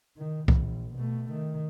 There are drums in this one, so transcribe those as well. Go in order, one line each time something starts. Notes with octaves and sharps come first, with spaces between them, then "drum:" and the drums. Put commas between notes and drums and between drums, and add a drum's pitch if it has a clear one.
D#3
A#1, drum: kick C2
B2 A3
D#3